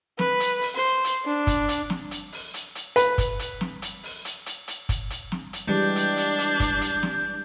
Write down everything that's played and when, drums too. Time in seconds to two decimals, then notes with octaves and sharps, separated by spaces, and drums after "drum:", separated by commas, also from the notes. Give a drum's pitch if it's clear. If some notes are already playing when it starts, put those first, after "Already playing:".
0.19 B4, drum: snare
0.40 drum: hi-hat
0.62 drum: open hi-hat
0.75 C5
1.04 drum: hi-hat
1.25 D4
1.47 drum: kick, hi-hat
1.68 drum: hi-hat
1.90 drum: snare
2.11 drum: hi-hat
2.32 drum: open hi-hat
2.54 drum: hi-hat
2.75 drum: hi-hat
2.96 B4, drum: hi-hat
3.18 drum: kick, hi-hat
3.39 drum: hi-hat
3.61 drum: snare
3.82 drum: hi-hat
4.03 drum: open hi-hat
4.25 drum: hi-hat
4.46 drum: hi-hat
4.68 drum: hi-hat
4.89 drum: kick, hi-hat
5.10 drum: hi-hat
5.32 drum: snare
5.53 drum: hi-hat
5.67 E3 G3 G#3 D4 G6
5.96 drum: hi-hat
6.17 drum: hi-hat
6.39 drum: hi-hat
6.60 drum: kick, hi-hat
6.81 drum: hi-hat
7.03 drum: snare